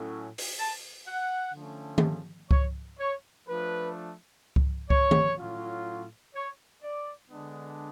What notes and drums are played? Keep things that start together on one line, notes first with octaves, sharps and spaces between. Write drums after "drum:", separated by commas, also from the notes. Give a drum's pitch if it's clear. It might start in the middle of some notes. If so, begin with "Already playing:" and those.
Already playing: A2 F#3 A3 C#4
drum: open hi-hat
A5
F#5
D3 F3 A3 C#4
drum: tom D#3
C#5, drum: kick C#2
C#5
F3 A3 D4 B4
drum: kick C#2
C#5, drum: kick C#2
drum: tom D#3
A2 F#3 C#4 F4
C#5
D5
D3 G#3 B3 D4